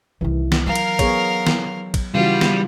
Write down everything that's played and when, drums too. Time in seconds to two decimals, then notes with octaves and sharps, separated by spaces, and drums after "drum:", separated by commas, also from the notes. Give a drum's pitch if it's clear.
0.21 C2 D#3 E3
0.52 drum: snare
0.66 F#3 A#4 F5
0.75 drum: cymbal
0.99 B3 G#4 C#5, drum: kick, cymbal
1.47 drum: snare
1.94 drum: kick, cymbal
2.14 C#3 E3 G3 F4 F#4
2.41 drum: snare